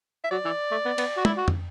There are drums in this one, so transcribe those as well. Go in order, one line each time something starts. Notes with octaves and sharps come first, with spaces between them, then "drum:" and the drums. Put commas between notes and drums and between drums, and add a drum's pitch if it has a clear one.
E5
F#3 D5
E3
A3
B3
B3, drum: cymbal
F#4
E4, drum: tom
F#4
drum: tom